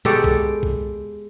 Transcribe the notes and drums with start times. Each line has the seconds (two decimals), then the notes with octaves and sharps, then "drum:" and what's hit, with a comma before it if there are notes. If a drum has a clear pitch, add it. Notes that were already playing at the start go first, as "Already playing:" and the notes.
0.05 G#3 B3 F#4 G4 A4 D5, drum: tom
0.24 drum: kick
0.63 drum: kick